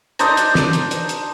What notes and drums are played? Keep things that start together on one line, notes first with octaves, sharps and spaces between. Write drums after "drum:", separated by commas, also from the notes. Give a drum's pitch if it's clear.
D4 D#4 C5 A#5, drum: hi-hat
drum: hi-hat
drum: snare
drum: hi-hat
drum: hi-hat
drum: hi-hat